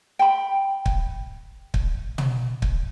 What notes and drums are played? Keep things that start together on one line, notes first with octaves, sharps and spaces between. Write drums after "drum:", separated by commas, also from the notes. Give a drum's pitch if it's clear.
G5 B5
drum: kick
drum: kick
drum: tom
drum: kick